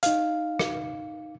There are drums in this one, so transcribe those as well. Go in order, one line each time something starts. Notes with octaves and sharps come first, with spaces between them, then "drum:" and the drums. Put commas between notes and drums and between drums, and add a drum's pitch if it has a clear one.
D#4 F5, drum: hi-hat
drum: rim click